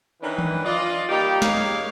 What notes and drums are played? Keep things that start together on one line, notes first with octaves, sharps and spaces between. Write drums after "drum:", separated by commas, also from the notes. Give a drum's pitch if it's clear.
D#3 E3 C#4 D4 B4
drum: tom D#3
F4 D5 D#5
G3 A#3 D#4 G4
G#2 A#3 C#4 D#4 C#5 F5, drum: snare